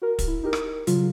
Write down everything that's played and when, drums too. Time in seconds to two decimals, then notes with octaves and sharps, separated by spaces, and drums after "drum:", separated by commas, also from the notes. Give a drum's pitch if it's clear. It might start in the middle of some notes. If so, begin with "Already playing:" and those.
0.02 F#4 A#4
0.19 drum: kick, hi-hat
0.28 E4
0.43 D#4 G4 A#4
0.53 drum: rim click
0.87 C#3 F#3 F4, drum: hi-hat